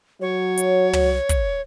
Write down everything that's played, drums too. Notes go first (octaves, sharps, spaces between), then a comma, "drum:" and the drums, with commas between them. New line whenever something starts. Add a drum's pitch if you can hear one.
F#3 C#5
drum: hi-hat
drum: tom
drum: kick, hi-hat